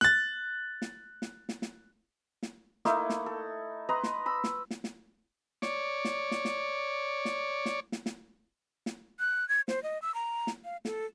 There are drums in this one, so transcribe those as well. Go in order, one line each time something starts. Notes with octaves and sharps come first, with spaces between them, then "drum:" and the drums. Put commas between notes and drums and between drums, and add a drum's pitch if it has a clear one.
F#6 A6, drum: snare
drum: snare
drum: snare
drum: snare
drum: snare
drum: snare
A3 A#3 D#4 E4, drum: snare
drum: snare
A4
B4 D#5 A#5 C6
drum: snare
B5 E6
drum: snare
drum: snare
drum: snare
C#5 D5, drum: snare
drum: snare
drum: snare
drum: snare
drum: snare
drum: snare
drum: snare
drum: snare
drum: snare
F#6
G#6
C5, drum: snare
D#5
E6
A#5
drum: snare
F5
A4, drum: snare